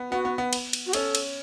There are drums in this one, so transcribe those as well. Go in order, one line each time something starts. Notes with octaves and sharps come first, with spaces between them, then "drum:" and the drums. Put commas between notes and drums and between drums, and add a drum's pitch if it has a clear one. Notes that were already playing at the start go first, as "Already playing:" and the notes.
Already playing: B3
B3 F#4
B3
B3
drum: cymbal
drum: cymbal
F#4
C#4 A4, drum: cymbal
drum: cymbal